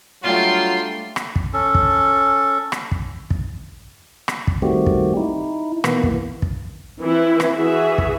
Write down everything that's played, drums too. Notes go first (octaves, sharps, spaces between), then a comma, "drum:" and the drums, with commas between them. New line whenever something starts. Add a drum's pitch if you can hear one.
F#3 G3 A3 D4 F4 G5 C6
drum: rim click
drum: kick
C#4 A4
drum: kick
drum: rim click
drum: kick
drum: kick
drum: rim click
drum: kick
D#3 G3 A3 C4 F#4 G4
drum: kick
D#4 E4
B2 E3 A#3 B3, drum: rim click
drum: kick
drum: kick
E3 C4 E4
drum: rim click
E3 F#4 G#4 E5
drum: kick